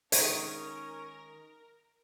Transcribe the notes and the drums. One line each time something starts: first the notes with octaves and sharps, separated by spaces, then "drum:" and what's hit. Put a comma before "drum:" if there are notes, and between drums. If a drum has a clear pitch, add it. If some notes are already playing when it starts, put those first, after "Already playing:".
D#3 G#3 C#4 D#4 A#4, drum: hi-hat